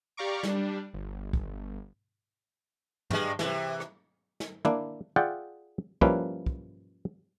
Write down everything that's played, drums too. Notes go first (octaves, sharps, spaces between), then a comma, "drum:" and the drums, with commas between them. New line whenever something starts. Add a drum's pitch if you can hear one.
G4 D5 F5 A#5 C#6 D6
G3 D4, drum: snare
G1
drum: kick
G2 G#3, drum: tom
C3 E3, drum: snare
drum: rim click
drum: snare
A#3 D4 E4, drum: tom
F4 G#4 D5 E5 F#5 G5
F3 G3 A#3 C#4 E4 B4, drum: kick
drum: kick